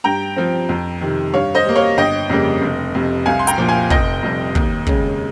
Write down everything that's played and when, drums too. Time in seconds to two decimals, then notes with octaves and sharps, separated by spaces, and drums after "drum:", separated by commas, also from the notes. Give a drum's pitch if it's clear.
0.04 G2 G5 A#5
0.36 F3 C4
0.69 F2
1.01 C3 D#3
1.33 G2 C#5 F5
1.55 C5 D#5
1.65 G3 A#3
1.76 C#5 F5
1.97 G1 D#5 G5
2.29 F2 C#3 G3 A#3
2.61 F1
2.95 F2 C3
3.26 C2 F5 G#5
3.39 C6
3.47 G5 A#5, drum: hi-hat
3.58 A#2 F3
3.69 F5 G#5
3.90 F1 D#5 G5, drum: kick
4.22 F2 C3 G3
4.55 D#2, drum: kick
4.87 C#3 G#3 C#4, drum: kick